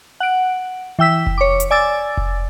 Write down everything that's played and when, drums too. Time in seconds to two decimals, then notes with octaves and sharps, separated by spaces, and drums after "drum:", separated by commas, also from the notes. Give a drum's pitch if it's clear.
0.20 F#5 D7
0.99 E3 G5 E6 B6
1.27 drum: kick F1
1.38 C#5 D6
1.60 drum: hi-hat
1.70 D5 G#5 D6 E6 A6
2.17 drum: kick F1